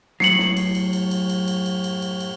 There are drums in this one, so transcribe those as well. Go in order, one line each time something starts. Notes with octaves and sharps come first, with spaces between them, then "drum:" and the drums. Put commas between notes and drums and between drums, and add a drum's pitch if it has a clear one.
F#2 A2 F#3 C7 C#7 F#7, drum: snare
drum: snare
drum: cymbal
drum: cymbal
drum: cymbal
drum: cymbal
drum: cymbal
drum: cymbal
drum: cymbal
drum: cymbal
drum: cymbal
drum: cymbal